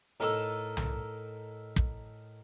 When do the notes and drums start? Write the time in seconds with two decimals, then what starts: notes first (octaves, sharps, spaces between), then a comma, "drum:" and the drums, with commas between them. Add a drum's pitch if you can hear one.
0.20 A2 D#4 A4 A#4 E6
0.77 drum: tom C2
1.76 drum: kick